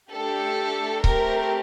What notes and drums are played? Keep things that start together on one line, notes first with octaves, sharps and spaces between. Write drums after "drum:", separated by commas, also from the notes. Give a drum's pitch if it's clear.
A3 D4 G4 A4
A3 C4 G4 A#4, drum: kick C#1